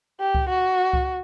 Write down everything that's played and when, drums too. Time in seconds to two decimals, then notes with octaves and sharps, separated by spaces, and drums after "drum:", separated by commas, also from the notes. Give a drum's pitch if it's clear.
0.20 G4
0.35 drum: kick C#2
0.49 F#4
0.93 drum: kick C#2